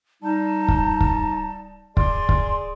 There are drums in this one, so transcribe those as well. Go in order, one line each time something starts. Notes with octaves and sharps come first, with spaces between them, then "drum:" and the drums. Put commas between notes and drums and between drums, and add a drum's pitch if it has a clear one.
G3 D#4 A5
drum: kick
drum: kick
G#4 D5 C6, drum: kick
drum: kick